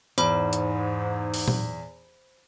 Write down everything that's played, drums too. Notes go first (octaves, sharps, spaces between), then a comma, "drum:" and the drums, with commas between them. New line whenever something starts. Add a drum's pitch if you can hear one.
E2 G#2 C5 B5, drum: hi-hat
drum: hi-hat
drum: open hi-hat
drum: tom A#2